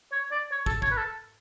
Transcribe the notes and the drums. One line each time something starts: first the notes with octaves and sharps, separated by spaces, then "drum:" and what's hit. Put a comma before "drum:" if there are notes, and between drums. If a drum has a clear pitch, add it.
C#5
D5
C#5
A4, drum: kick
C#5, drum: kick
B4
A4